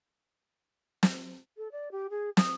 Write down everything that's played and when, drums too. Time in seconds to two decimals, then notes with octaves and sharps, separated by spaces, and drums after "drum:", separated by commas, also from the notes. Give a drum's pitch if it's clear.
1.03 drum: snare
1.57 A4
1.72 D5
1.91 G4
2.10 G#4
2.37 D#6, drum: snare